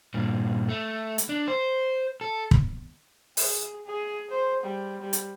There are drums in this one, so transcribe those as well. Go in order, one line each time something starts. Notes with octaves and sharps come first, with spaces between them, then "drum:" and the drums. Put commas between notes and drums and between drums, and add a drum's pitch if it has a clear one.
G2 A#2
A3
drum: hi-hat
D4
C5
A4
drum: kick
G#4, drum: open hi-hat
G#4
C5
G3
G3
drum: hi-hat